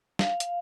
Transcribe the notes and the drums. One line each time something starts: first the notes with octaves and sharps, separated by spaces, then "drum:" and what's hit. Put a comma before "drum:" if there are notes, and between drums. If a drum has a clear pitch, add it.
F5, drum: snare
drum: hi-hat